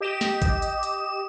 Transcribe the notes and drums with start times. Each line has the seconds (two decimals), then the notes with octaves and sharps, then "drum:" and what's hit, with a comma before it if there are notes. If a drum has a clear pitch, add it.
0.01 G4 D#5 E7
0.21 drum: snare
0.42 drum: kick, hi-hat
0.62 drum: hi-hat
0.83 drum: hi-hat